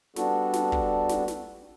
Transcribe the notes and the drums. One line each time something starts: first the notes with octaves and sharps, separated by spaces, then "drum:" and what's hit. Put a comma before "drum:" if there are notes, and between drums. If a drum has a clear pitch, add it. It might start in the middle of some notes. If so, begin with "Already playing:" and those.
G3 B3 D4 F#4 A4, drum: snare
drum: snare
drum: kick
drum: snare
drum: snare